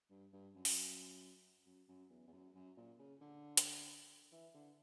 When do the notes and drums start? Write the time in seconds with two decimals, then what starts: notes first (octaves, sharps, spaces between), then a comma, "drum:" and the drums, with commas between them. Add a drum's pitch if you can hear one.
0.10 G2
0.33 G2
0.55 F#2
0.65 drum: open hi-hat
1.66 F#2
1.88 F#2
2.10 E2
2.28 E2
2.33 F#2
2.55 F#2
2.77 A#2
2.99 C#3
3.21 D3
3.57 drum: hi-hat
4.32 E3
4.54 D3